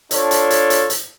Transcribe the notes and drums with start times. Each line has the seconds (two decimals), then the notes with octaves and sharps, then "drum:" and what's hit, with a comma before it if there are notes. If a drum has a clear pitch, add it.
0.11 D4 F4 A4 C#5, drum: hi-hat
0.31 drum: hi-hat
0.50 drum: hi-hat
0.70 drum: hi-hat
0.90 drum: hi-hat